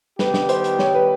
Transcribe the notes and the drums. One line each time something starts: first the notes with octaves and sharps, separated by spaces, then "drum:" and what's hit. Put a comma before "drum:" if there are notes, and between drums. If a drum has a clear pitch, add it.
D#3 G3 B3 D#4 G4 B4, drum: snare
drum: snare
C5, drum: hi-hat
drum: hi-hat
C#5, drum: snare
B4